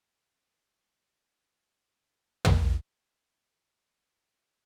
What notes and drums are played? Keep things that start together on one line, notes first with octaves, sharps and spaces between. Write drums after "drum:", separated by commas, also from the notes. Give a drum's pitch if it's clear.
G#3 C#4 E4 B4
C#5
F#3 B3 D#4 B4
A4
G#3 C#4 E4 G#4
D#3 G#3 C#4 E4
drum: tom
D#3 F#3 B3 D#4 F#4
D#3 F#3 A3 C#4
F#4
E3 G#3 D#4 E4